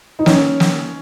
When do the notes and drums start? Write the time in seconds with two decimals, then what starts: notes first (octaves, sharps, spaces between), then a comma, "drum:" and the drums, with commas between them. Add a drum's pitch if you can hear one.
0.19 D#4
0.26 C#4, drum: snare
0.60 drum: snare